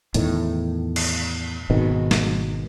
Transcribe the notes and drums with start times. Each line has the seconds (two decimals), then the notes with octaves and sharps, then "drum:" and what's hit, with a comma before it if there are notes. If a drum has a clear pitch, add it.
0.14 E2 A2 D#3, drum: hi-hat
0.96 drum: cymbal
1.70 G#1 G#2 B2 D#3
2.11 drum: snare